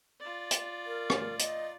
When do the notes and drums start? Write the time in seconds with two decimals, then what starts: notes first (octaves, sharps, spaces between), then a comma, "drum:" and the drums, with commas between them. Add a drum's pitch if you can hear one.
0.20 F4 D5
0.51 drum: hi-hat
0.86 A#4
1.10 drum: rim click
1.39 D#5, drum: hi-hat